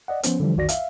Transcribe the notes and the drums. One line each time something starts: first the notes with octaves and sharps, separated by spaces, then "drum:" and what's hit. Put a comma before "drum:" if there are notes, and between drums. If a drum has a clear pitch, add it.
D5 D#5 F#5
F3 B3 C#4 C5, drum: hi-hat
D3 E3 F3 G3 D4
B1 F2 D#3 F#4 D5 A#6
E5 F5, drum: hi-hat